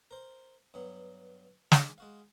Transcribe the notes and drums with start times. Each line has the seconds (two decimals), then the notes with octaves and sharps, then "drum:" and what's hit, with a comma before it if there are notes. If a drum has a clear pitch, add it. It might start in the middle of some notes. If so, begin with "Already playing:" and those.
0.11 A#4 C5
0.74 G2 F#3 B3
1.72 D#3 G#3, drum: snare
1.98 G#3 F#4 F5